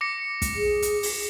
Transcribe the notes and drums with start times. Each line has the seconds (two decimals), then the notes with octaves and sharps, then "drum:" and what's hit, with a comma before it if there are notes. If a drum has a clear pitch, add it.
0.01 D6 A#6 C#7
0.42 drum: kick, hi-hat
0.55 G#4
0.82 drum: hi-hat
1.03 drum: open hi-hat